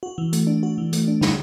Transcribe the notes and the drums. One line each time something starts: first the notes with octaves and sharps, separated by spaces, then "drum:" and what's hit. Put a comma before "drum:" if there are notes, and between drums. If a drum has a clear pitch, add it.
F#4
E3
A3, drum: hi-hat
D4
F#4
E3
A3, drum: hi-hat
D4
D3, drum: snare